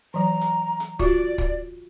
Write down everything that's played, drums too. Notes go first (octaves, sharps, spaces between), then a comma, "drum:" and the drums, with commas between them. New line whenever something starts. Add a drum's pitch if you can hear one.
E3 F#3 A#5
drum: hi-hat
drum: hi-hat
F4 F#4 D5, drum: kick
drum: kick